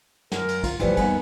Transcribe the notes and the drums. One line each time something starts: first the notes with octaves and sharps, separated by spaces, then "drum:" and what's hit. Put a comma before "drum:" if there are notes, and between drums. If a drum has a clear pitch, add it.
F#2 A#4, drum: snare
drum: cymbal
F4, drum: kick, cymbal
C2 E3 F3 G3 A3 B4, drum: cymbal
D#2 G3 B3 C4 G#5, drum: cymbal